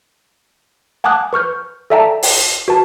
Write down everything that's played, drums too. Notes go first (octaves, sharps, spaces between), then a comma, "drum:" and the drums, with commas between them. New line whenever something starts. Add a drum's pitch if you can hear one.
F#5 G#5 A5 D6 D#6 F#6
B4 C#6 F6 G6
A4 D5 E5 G5 A5 A#5
drum: open hi-hat
F#4 B4 A5